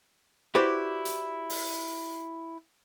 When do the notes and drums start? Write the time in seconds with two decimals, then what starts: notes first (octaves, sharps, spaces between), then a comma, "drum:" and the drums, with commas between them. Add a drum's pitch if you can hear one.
0.55 E4 F#4 G4 B4 C5 D5
1.05 drum: hi-hat
1.50 drum: open hi-hat